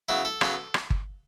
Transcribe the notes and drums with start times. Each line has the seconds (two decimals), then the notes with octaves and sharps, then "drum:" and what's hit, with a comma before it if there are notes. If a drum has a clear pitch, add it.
0.09 C#3 F#3 B3 E4
0.25 A4
0.41 C#3 F#3 B3, drum: rim click
0.74 drum: rim click
0.90 drum: kick G1